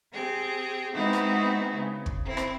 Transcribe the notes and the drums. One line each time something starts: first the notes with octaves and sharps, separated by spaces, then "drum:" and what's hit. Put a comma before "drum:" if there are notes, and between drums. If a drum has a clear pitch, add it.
C4 G4 G#4
G#3 B3 C4 D#4 E4 F#4
drum: rim click
C#3
drum: kick
C4 E4
drum: rim click